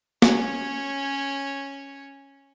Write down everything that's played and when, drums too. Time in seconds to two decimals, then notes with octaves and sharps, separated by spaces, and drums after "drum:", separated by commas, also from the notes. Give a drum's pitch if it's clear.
0.22 C#4 C#5, drum: snare